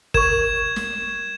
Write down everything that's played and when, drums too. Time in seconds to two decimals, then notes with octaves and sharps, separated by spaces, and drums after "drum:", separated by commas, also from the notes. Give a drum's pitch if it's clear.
0.14 A#4 C#6 G#6 E7, drum: kick
0.76 drum: snare